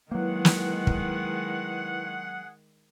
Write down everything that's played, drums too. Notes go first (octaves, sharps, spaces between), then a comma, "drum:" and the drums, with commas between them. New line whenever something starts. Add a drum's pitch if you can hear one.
D#3 F#3 G#3 A#3 E4 G#4 B4 F#5
drum: snare
drum: kick